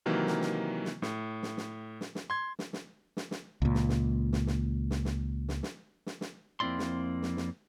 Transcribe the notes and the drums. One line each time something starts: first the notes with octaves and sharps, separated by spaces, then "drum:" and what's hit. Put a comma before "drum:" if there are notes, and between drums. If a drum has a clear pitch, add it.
C3 D#3 E3 F#3 A#3
drum: snare
drum: snare
drum: snare
A2, drum: snare
drum: snare
drum: snare
drum: snare
drum: snare
C6 G#6
drum: snare
drum: snare
drum: snare
drum: snare
C#2 A#2
drum: snare
drum: snare
drum: snare
drum: snare
drum: snare
drum: snare
drum: snare
drum: snare
drum: snare
drum: snare
F2 A#3 C4 E4 D5 C6
drum: snare
drum: snare
drum: snare